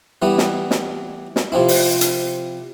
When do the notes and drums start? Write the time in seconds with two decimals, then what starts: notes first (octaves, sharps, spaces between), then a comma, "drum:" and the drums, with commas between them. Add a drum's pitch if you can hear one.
0.22 E3 G3 B3 E4
0.38 drum: snare
0.71 drum: snare
1.36 drum: snare
1.52 C3 F3 C4 E4
1.68 drum: open hi-hat
2.01 drum: hi-hat